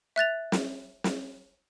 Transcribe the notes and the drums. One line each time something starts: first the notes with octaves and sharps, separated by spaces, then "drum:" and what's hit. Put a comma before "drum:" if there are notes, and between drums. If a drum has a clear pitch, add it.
E5 F#6 A6 F7
drum: snare
drum: snare